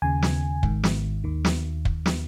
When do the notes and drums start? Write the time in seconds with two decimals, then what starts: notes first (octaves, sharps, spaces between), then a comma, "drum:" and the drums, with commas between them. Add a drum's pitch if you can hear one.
0.02 D#2 C#3 G#5
0.22 drum: snare
0.63 G#1 G#2 D#3, drum: kick
0.84 drum: snare
1.24 D#2 D#3
1.45 drum: snare
1.85 drum: kick
2.06 drum: snare